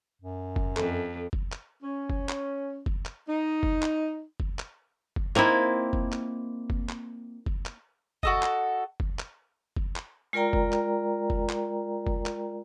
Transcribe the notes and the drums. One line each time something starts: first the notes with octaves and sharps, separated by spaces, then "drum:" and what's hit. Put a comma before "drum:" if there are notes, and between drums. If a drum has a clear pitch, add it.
F#2
drum: kick F#1
F2 A4, drum: clap
drum: kick F#1
drum: clap
C#4
drum: kick F#1
drum: clap
drum: kick F#1
drum: clap
D#4
drum: kick F#1
drum: clap
drum: kick F#1
drum: clap
drum: kick F#1
A#3 C4 D#4 E4, drum: clap
drum: kick F#1
drum: clap
drum: kick F#1
drum: clap
drum: kick F#1
drum: clap
F#4 A4 D#5, drum: kick F#1
drum: clap
drum: kick F#1
drum: clap
drum: kick F#1
drum: clap
G#3 F4 A#4 D5 G5 A#5
drum: kick F#1
drum: clap
drum: kick F#1
drum: clap
drum: kick F#1
drum: clap